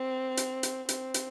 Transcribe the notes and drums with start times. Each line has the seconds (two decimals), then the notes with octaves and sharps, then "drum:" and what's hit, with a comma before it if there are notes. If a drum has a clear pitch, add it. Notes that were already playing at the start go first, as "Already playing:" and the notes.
Already playing: C4
0.37 drum: hi-hat
0.63 drum: hi-hat
0.89 C4, drum: hi-hat
1.14 drum: hi-hat